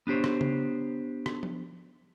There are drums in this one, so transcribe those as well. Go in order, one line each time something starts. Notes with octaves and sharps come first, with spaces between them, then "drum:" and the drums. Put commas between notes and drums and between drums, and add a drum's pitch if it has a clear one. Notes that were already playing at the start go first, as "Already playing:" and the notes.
B3 D4 G4 C5 C#5
drum: rim click
drum: tom C#3
drum: rim click
drum: tom F3